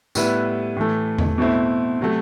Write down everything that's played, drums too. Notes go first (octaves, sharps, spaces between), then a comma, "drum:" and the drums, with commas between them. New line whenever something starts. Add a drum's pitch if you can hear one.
A2 G3 B3 E4 B4, drum: tambourine
A2 E3 A3
drum: tom E2
B2 A3 C4 E4
C3 F#3 A3